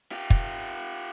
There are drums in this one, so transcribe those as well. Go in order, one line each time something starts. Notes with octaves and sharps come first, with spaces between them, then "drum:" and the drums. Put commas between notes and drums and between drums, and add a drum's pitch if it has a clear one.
F4 G4
drum: kick